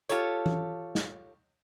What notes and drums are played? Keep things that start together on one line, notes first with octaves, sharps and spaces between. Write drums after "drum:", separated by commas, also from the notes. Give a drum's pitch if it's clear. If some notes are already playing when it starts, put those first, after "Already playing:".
F4 G4 A4 C#5, drum: hi-hat
drum: tom E3
drum: snare